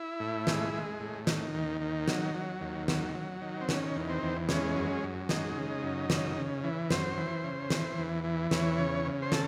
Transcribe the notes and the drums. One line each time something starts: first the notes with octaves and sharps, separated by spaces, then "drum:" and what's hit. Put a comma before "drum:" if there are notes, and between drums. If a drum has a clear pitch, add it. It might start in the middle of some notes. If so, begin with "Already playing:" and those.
Already playing: E4
A2
G#3, drum: snare
G#3
A2
D#3, drum: snare
D#2
D#3
F#3, drum: snare
F#3
D#2
F#3, drum: snare
F#3
D#3
C4
D#3 C#4, drum: snare
E2
C4
E2
G#3 C#4, drum: snare
F#2
F#2
G#3 D#4, drum: snare
C#3
F#2
C#3, drum: snare
C#3
E3
F#2 C5, drum: snare
E3
C#3
E3, drum: snare
E2
E3
E2 C#5, drum: snare
C#3
C#3
C5
A4, drum: snare